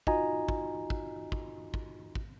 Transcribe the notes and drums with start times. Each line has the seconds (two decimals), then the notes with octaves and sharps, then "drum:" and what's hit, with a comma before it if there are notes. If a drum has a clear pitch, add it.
0.07 D#4 F4 F#4 D#5 G#5 A#5, drum: kick
0.49 drum: kick
0.90 drum: kick
1.32 drum: kick
1.74 drum: kick
2.15 drum: kick